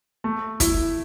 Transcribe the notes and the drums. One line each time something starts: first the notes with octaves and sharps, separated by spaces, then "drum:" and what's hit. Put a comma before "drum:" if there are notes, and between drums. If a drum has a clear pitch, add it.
A3
E4, drum: kick, hi-hat